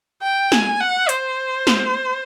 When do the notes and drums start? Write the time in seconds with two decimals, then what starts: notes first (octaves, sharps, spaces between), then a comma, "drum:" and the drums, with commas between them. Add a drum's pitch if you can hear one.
0.23 G5
0.52 G#5, drum: snare
0.80 F#5
1.09 C5, drum: hi-hat
1.67 drum: snare